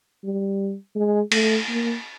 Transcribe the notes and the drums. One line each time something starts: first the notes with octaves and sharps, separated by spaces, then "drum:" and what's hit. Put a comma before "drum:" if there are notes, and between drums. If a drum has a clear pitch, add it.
G3
G#3
A3, drum: cymbal
A#3